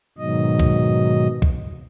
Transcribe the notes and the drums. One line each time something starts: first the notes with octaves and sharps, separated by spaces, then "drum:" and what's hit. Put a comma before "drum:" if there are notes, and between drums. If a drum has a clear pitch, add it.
G#2 B2 D#3 F#3 D#5
drum: kick
drum: kick